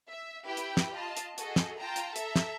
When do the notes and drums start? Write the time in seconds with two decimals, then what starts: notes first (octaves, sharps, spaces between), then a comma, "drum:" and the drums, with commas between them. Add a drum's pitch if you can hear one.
0.10 E5
0.46 E4 G4 B4 G5 B5
0.57 drum: hi-hat
0.77 drum: snare
0.93 F4 D#5 A5
1.17 drum: hi-hat
1.38 F#4 G#4 A4 D#5, drum: hi-hat
1.56 drum: snare
1.79 F4 G5 A5 A#5
1.96 drum: hi-hat
2.16 A4 E5 A#5, drum: hi-hat
2.36 drum: snare